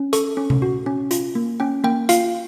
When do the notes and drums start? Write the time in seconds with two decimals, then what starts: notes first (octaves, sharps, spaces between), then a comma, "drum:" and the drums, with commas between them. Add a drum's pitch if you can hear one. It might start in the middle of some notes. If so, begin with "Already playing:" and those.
Already playing: C#4
0.13 A4 C#6, drum: hi-hat
0.37 C#4
0.50 drum: tom C3
0.62 F#4
0.86 C#4
1.11 F4, drum: hi-hat
1.35 A#3
1.60 C#4 G5
1.84 A#3 G5
2.09 F4 F5, drum: hi-hat